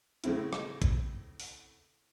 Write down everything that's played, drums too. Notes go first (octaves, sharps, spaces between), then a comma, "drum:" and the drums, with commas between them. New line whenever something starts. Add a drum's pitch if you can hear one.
A2 C#3 C4 E4, drum: hi-hat
drum: rim click
drum: kick A#1, hi-hat
drum: open hi-hat